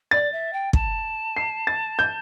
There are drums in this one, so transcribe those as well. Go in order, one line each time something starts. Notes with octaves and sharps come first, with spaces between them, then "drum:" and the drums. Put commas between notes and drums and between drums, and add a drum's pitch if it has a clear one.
D5 A6
E5
G5
A5, drum: kick
C7
A6
G6